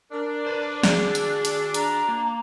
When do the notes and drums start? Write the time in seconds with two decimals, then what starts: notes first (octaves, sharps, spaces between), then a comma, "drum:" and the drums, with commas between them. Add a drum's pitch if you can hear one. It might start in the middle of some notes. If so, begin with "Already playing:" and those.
0.12 D4 A#4
0.46 B4 C5
0.83 F#4 G#4 D5, drum: snare
1.15 drum: hi-hat
1.45 drum: hi-hat
1.74 A#5, drum: hi-hat
2.09 A#3